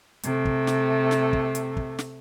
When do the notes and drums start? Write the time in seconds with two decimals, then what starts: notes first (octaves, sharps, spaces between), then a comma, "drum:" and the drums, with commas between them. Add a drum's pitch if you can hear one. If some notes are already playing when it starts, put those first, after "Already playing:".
0.23 C3 A3, drum: hi-hat
0.45 drum: kick
0.67 drum: snare
1.11 drum: snare
1.33 drum: kick
1.55 drum: hi-hat
1.77 drum: kick
1.99 drum: snare